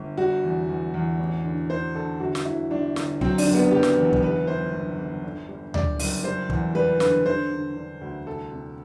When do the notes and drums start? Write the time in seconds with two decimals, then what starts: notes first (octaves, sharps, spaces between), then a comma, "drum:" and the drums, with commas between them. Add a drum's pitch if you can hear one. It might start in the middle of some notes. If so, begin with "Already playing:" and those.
Already playing: G1
0.18 G3 F#4
0.43 E2
0.69 E2
0.94 E2
1.19 A1
1.44 D3
1.69 D3 C5
1.95 D3 A4
2.20 G1 F#4
2.35 drum: snare
2.45 G1 E4
2.71 G1 D4
2.96 G1, drum: snare
3.21 F#3 C4, drum: kick
3.38 D4, drum: open hi-hat
3.47 F#1
3.55 B3
3.71 F#1 G4
3.83 drum: snare
3.97 E2
4.13 drum: kick
4.23 G1 B4
4.47 G1 C5
4.73 G2
4.99 G1
5.24 D3
5.49 G3
5.74 G3 D5, drum: tom D2
5.99 F#1, drum: open hi-hat
6.24 G3 C5
6.50 E2, drum: kick
6.75 G3 B4
7.00 D3 B4, drum: snare
7.25 D3 C5
7.51 D3
7.76 D3
8.01 D2
8.27 C2 A4
8.52 C3